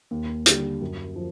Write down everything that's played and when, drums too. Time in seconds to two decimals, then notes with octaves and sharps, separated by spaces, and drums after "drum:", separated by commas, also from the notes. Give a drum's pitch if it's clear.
0.11 D#2
0.46 D3 G3, drum: hi-hat
0.81 F#2
1.16 F3